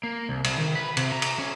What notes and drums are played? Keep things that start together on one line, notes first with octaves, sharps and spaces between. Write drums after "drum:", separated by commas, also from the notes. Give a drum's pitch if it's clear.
A#3
C2
C2, drum: cymbal
D#3
B4
C3, drum: cymbal
A#5
drum: cymbal
C#4